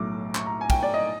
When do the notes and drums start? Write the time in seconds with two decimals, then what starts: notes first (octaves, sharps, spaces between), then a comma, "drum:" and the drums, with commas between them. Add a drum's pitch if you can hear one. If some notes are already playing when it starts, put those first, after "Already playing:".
Already playing: B1 A2 F#3 D6
0.35 C#6, drum: clap
0.46 A#5
0.61 G#5
0.70 G5, drum: kick, cymbal
0.83 D5
0.94 D#5